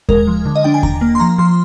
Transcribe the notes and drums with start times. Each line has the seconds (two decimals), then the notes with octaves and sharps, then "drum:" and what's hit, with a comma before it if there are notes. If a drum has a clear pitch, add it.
0.09 G#3 A#4, drum: kick D#2
0.27 F3
0.45 D3
0.56 D#5
0.64 D4 G5
0.74 G#5
0.83 D4 A#5, drum: kick D#2
1.01 A#3
1.15 C6
1.20 F3 A#5
1.38 F3 C6